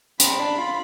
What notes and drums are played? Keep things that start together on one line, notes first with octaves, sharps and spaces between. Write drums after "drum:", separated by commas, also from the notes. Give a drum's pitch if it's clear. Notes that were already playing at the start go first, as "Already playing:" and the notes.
C4 B5, drum: hi-hat
D4
F4